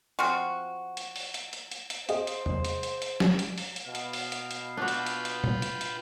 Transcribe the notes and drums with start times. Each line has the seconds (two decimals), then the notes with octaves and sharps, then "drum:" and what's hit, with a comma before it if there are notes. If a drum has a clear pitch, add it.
0.19 F3 C4 F4 F#4
0.97 drum: hi-hat
1.16 drum: open hi-hat
1.34 drum: hi-hat
1.53 drum: hi-hat
1.71 drum: hi-hat
1.90 drum: hi-hat
2.09 G#4 C5 D#5 F5, drum: hi-hat
2.27 drum: hi-hat
2.46 drum: tom E2
2.65 drum: hi-hat
2.83 drum: hi-hat
3.02 drum: hi-hat
3.20 drum: snare
3.39 drum: hi-hat
3.58 drum: open hi-hat
3.76 drum: hi-hat
3.85 B2 F5
3.95 drum: hi-hat
4.13 drum: open hi-hat
4.32 drum: hi-hat
4.51 drum: hi-hat
4.77 D4 F4 F#4 B4 G5
4.88 drum: hi-hat
5.06 drum: hi-hat
5.25 drum: hi-hat
5.44 drum: tom A#2
5.62 drum: hi-hat
5.81 drum: hi-hat